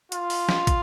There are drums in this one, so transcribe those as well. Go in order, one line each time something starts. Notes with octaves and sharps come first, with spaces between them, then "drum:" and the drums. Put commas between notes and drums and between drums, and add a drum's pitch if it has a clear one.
F4, drum: hi-hat
drum: open hi-hat
drum: snare
drum: kick, hi-hat